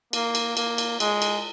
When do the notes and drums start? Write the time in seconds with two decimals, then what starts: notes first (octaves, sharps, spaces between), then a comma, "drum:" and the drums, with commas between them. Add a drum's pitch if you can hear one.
0.13 A#3, drum: cymbal
0.35 drum: cymbal
0.57 A#3, drum: cymbal
0.78 drum: cymbal
1.00 G#3, drum: cymbal
1.22 drum: cymbal